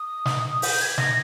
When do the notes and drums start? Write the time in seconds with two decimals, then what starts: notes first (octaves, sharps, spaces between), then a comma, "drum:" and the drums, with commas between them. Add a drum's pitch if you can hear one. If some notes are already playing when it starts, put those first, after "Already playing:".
Already playing: D#6
0.25 drum: snare
0.62 G6, drum: open hi-hat
0.81 G#6
0.98 A#6, drum: snare